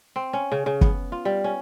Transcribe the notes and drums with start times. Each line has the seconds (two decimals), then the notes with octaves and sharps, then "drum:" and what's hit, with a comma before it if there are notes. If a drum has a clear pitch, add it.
0.16 C4
0.33 C#4
0.52 C#3
0.66 C#3
0.81 B3, drum: kick
1.12 F4
1.25 G3
1.44 C#4